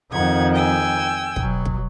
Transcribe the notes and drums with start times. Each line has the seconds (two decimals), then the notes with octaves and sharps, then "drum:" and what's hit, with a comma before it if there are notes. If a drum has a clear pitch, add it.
0.12 F2 D#3 F#5 G#6
0.55 G5 G#5 E6
1.36 B2 F#3, drum: kick
1.65 drum: kick